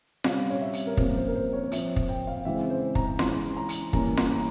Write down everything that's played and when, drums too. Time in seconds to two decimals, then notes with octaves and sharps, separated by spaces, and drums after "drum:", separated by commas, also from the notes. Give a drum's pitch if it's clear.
0.24 C3 G3 C#4 F5, drum: snare F4
0.50 C#5
0.61 E5
0.73 drum: hi-hat
0.87 A#4
0.97 C3 F3 A#3 C#4 C5, drum: kick
1.16 C5
1.28 A#4
1.35 C5
1.53 C#5
1.64 C#5
1.72 F3 C4 E5, drum: hi-hat
1.96 drum: kick
2.08 G5
2.27 F5
2.45 C#3 E3 G#3 C4 E5
2.70 C5
2.95 A#5, drum: kick
3.19 E3 G#3 C#4 C6, drum: snare F4
3.57 A#5
3.69 drum: hi-hat
3.93 E3 G3 A#3 C#4 A#5, drum: kick
4.17 C6, drum: snare F4
4.35 A#5